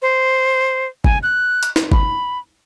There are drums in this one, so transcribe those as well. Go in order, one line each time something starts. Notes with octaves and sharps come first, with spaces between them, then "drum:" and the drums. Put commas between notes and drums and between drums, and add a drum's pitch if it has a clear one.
C5
G#5, drum: kick G1
F#6
drum: hi-hat
drum: snare
B5, drum: kick G1